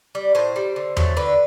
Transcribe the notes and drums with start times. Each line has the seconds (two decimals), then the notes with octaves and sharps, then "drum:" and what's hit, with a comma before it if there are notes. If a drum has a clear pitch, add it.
0.15 G3
0.35 A2 C5
0.56 G3
0.76 D3
0.97 F#3 A3, drum: tom E2
1.17 D3 B4